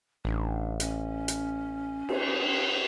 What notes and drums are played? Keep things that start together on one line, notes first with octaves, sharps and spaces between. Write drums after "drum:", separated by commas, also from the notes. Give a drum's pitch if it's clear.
A1 D4
C#4, drum: hi-hat
drum: hi-hat
drum: cymbal